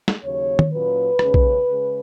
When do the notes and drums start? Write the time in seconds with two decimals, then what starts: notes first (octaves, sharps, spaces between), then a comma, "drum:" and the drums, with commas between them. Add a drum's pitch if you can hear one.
0.08 drum: snare
0.23 D#2 C#3 F#3 A#3 C#5
0.59 drum: tom D#3
0.71 A#2 F#3 A#3 C#4 B4
1.19 D#2 C#3 G#3 C#4, drum: rim click
1.34 drum: kick B1
1.68 C#3 G#3